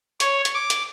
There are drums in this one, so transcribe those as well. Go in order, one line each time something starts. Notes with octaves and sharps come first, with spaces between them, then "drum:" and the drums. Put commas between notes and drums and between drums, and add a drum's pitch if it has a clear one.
C#5, drum: hi-hat
drum: hi-hat
D6
drum: hi-hat